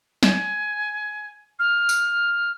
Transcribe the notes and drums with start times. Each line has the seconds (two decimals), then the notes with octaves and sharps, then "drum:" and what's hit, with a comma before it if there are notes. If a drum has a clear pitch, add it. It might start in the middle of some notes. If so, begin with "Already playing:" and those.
0.23 G#5, drum: snare
1.59 F6
1.89 drum: tambourine